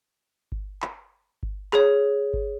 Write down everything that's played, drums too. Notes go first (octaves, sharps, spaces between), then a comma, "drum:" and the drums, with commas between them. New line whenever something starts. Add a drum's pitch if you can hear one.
drum: kick G1
drum: clap
drum: kick G1
G#4 C#5, drum: clap
drum: kick G1